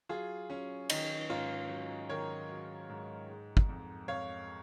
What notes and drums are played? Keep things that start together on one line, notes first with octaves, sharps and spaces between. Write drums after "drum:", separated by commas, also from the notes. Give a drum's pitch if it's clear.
F#3 F4 G#4
F#3 C#4
D#3 D#4, drum: cymbal
G#2 C#4 F4
F#3
D#3 A#4 C#5
F#3
G#2
G#3
drum: kick
F2
F2 C#5 F5